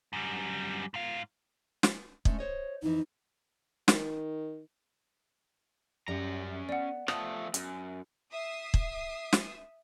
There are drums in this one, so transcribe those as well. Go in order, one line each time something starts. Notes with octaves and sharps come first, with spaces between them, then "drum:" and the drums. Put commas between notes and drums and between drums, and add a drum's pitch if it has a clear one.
F#2 G3
G#2 F5
drum: snare
G#3 A3 C#4, drum: kick
C5 C#5 D#5
F2 E3 D#4
D#3, drum: snare
F#2 G3 C#4 A#5
B3 D5 F#5
F3 A3 B3 D#6, drum: rim click
F#2, drum: hi-hat
E5 D#6 C7
drum: kick
drum: snare